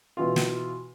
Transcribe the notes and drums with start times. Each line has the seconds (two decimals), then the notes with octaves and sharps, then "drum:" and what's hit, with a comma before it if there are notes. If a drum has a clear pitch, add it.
0.17 B2 E3 F4
0.36 drum: snare